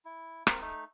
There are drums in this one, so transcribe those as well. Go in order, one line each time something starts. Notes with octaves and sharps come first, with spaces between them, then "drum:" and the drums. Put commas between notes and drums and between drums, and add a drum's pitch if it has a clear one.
E4
A#3 C4, drum: rim click
A3 D#4